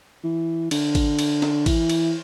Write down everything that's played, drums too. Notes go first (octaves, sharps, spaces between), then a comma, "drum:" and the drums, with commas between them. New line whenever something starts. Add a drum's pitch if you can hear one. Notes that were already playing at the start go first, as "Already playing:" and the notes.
E3
D3, drum: cymbal
drum: kick G#1, cymbal
drum: cymbal
drum: snare
E3, drum: kick G#1, cymbal
drum: cymbal